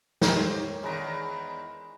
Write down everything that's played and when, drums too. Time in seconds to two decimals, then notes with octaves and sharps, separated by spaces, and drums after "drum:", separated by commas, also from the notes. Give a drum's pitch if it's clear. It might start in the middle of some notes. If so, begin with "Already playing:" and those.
0.22 G4 A#4 C5 C#5, drum: snare
0.83 E2 D#3 G#3 B4 A#5